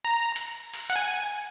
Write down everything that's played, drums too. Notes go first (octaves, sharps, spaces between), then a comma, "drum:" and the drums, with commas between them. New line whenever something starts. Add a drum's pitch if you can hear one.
A#5
drum: hi-hat
drum: open hi-hat
F#5, drum: hi-hat
G#5